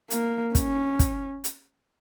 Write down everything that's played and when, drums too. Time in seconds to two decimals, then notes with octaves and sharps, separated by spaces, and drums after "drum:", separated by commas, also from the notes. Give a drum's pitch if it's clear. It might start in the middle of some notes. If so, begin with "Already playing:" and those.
0.10 A#3, drum: hi-hat
0.55 C#4, drum: kick, hi-hat
0.99 drum: kick, hi-hat
1.44 drum: hi-hat